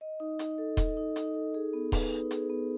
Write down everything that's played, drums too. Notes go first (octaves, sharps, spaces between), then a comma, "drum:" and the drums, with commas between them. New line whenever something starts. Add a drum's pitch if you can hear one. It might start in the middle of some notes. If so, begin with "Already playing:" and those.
D#5
D#4
D#4, drum: hi-hat
A4
D#5, drum: kick D#1, hi-hat
D#4
D#4, drum: hi-hat
A4
G#4
B3
B4, drum: kick D#1, open hi-hat
D#4
G#4, drum: hi-hat
B3